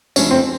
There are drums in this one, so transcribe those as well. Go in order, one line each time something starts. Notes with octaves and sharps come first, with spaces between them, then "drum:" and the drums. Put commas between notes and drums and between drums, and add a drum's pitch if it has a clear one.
F2 C#3 F3 A3 C#4 D4, drum: tambourine
C4